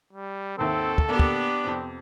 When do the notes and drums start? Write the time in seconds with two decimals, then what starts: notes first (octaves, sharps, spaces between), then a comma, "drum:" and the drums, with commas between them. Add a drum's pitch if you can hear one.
0.13 G3
0.58 G#1 D#2 C4 A4 E5
0.98 drum: kick
1.09 A#3 B3 D4 G4
1.19 drum: kick
1.64 F2 C3 C4